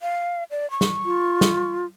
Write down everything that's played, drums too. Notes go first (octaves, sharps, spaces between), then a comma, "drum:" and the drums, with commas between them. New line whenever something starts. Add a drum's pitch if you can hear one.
F5
D5
C#6
drum: snare
F4
drum: snare